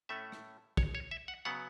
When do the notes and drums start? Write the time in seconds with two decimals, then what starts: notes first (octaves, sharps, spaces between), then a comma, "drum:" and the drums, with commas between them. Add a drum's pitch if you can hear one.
0.09 A2 A3 C#4 E5
0.32 drum: rim click
0.77 C#5, drum: kick
0.95 C#5
1.11 E5
1.28 F#5
1.45 C#3 F#3 B3 F#5